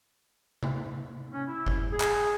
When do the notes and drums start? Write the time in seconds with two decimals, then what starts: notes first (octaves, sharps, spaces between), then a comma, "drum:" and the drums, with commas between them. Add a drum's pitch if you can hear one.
0.63 drum: tom C3
1.31 C#4
1.46 E4
1.67 drum: kick G1
1.91 G#4
2.00 drum: clap